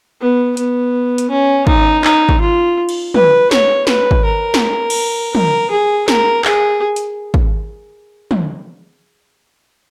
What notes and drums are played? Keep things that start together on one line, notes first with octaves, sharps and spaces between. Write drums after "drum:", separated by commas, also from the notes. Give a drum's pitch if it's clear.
B3
B3, drum: hi-hat
drum: hi-hat
C#4
D#4, drum: kick
D#4, drum: clap
drum: kick
F4
drum: cymbal
B4, drum: tom
C#5, drum: snare
B4, drum: snare
drum: kick
A#4
drum: snare
drum: cymbal
A#4, drum: tom
G#4
A#4, drum: snare
G#4, drum: clap
drum: hi-hat
drum: kick
drum: tom